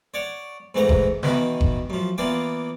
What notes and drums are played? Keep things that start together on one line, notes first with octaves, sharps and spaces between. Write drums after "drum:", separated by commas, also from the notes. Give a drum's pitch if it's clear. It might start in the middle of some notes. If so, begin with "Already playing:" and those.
C#5 D5 F#5
G#2 E3 A3 F#5 A#5
drum: kick F#1
B2 D#3 E3 B3, drum: snare
drum: kick F#1
F#2 F3
E3 A#3 B3 F4 D5